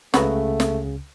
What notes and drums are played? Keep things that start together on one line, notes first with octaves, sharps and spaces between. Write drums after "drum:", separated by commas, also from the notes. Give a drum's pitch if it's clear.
C#2 C#3 F#3 A3 B3 F#4, drum: snare
drum: snare